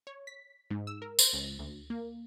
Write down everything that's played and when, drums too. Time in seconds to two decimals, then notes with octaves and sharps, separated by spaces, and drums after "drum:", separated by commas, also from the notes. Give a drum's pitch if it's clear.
0.07 C#5
0.27 B6
0.70 G#2
0.87 E6
1.02 A#4
1.19 C5, drum: tambourine
1.33 C#2
1.59 D2
1.90 A#3